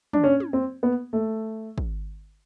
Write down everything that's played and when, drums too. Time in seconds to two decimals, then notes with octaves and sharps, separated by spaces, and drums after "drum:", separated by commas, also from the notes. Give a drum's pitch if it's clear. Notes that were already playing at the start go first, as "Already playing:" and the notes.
0.13 D4, drum: tom
0.24 C#4
0.40 drum: tom
0.53 C4
0.83 B3
1.13 A3
1.78 drum: kick